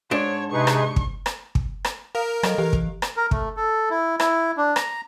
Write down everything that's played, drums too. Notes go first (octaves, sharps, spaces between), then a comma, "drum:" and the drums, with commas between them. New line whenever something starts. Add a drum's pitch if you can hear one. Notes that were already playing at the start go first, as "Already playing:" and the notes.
G#2 D4 C#5
C3 D#4 G#4 B4 C#6
drum: rim click
drum: kick
drum: rim click
drum: kick
drum: rim click
A#4 F5
F#3 A4 D#5, drum: rim click
E3 G4
drum: kick
drum: rim click
A#4
A3, drum: kick
A4
E4
E4, drum: rim click
D4
A#5, drum: rim click